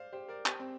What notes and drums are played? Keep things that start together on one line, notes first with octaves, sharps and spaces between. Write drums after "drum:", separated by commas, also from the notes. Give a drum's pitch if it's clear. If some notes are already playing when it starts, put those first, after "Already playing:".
Already playing: C5 D5 F5
G4 C5
A#4 D5
G4 C5, drum: clap
C4